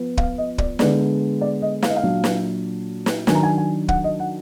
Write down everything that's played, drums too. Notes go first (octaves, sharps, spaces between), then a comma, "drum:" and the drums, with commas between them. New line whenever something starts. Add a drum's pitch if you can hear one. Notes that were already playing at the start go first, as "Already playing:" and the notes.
Already playing: F3 B3
F5, drum: kick
D#5
D5, drum: kick
D3 G#3 B3 D5, drum: snare
D5
D#5
F5, drum: snare
D#5
F5
A#2 F#3 D4
drum: snare
drum: snare
D#3 F#3 D4 G#5, drum: snare
A#5
G#5
G#5
F#5, drum: kick
D#5
F#5